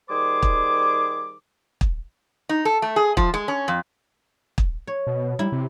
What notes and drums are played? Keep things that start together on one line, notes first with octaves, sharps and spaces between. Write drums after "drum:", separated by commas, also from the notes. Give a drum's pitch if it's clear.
D#3 G3 G#4 C5 D6
drum: kick
drum: kick
D#4
A4
A3
G#4
F3, drum: kick
G#3
C#4
F2
drum: kick
C#5
B2
G3 E4
C3